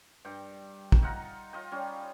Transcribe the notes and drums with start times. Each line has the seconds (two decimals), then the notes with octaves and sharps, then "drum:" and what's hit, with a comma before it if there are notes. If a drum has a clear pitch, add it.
0.25 G2 G5
0.92 drum: kick
1.02 D#4 F4 F#5 A#5
1.53 F4 D#5 G5
1.72 G3 C#4